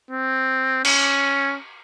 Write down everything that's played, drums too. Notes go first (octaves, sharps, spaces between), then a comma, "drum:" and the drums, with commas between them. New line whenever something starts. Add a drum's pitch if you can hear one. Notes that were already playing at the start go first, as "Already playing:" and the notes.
C4
C#4, drum: cymbal